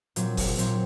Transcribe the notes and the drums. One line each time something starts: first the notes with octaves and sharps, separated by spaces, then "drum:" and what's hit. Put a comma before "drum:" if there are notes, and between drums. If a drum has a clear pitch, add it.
A#2 F#3 C4, drum: hi-hat
drum: kick F#1, open hi-hat
A#2 F#3 C4, drum: hi-hat